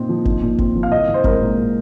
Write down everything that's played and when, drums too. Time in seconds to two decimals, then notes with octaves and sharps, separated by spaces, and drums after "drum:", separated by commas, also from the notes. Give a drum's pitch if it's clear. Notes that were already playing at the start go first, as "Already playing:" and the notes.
Already playing: A#2 C4 D#4
0.09 F3
0.25 D#4, drum: kick G1
0.42 A#2
0.58 C4, drum: kick G1
0.76 F3
0.83 F5
0.91 C2 D#5
1.08 C2
1.14 C5
1.24 G#3 A#4, drum: kick G1
1.41 A#2